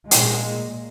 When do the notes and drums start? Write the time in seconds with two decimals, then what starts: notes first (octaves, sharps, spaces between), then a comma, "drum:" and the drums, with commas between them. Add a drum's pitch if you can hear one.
0.11 A#2 G#3, drum: hi-hat